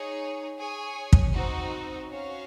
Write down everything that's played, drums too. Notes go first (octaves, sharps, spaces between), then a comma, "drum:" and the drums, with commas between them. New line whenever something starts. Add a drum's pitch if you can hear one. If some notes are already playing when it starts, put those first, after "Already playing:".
Already playing: D#4 G#4 C#5
G#4 C#5 G#5
drum: kick
C4 D#4 F#4
C#4 F#4 C#5 F5